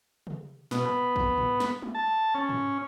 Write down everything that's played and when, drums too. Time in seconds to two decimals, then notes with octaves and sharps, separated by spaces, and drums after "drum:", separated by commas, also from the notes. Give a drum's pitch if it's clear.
0.27 drum: tom C3
0.71 B2, drum: snare
0.86 B3
1.16 drum: kick A#1
1.38 drum: tom G#2
1.60 drum: snare
1.82 drum: tom
1.95 A5
2.35 C#4
2.49 drum: tom G#2